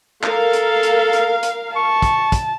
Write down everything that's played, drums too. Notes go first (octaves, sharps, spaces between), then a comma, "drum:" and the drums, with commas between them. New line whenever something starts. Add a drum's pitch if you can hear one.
A4 A#4 F5, drum: clap
drum: hi-hat
drum: hi-hat
drum: hi-hat
drum: hi-hat
A5 C#6
drum: kick, hi-hat
drum: kick, hi-hat